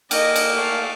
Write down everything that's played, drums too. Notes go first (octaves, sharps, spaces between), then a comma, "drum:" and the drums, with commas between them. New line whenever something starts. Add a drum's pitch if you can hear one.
A#3 D#5 G5 F6, drum: cymbal
drum: cymbal
A3 F5